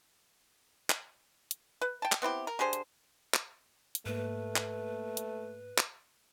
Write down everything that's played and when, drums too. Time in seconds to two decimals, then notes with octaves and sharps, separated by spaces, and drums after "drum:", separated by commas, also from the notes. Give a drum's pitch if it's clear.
0.90 drum: clap
1.51 drum: hi-hat
1.81 B4
2.02 G5 A5
2.12 drum: clap
2.22 B3 C4 E4 G4
2.47 A#4
2.59 D3 G4 G#4 C5
2.73 drum: hi-hat
3.34 drum: clap
3.95 drum: hi-hat
4.06 G#2 A3 A#3 B4
4.56 drum: clap
5.17 drum: hi-hat
5.78 drum: clap